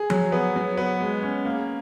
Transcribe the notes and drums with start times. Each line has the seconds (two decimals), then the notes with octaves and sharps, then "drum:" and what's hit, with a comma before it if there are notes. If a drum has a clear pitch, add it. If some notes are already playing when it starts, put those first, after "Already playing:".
Already playing: G#4
0.10 F#3, drum: tom F3
0.32 B3
0.56 F#3
0.77 B3
1.00 G#3
1.23 C#4
1.45 A#3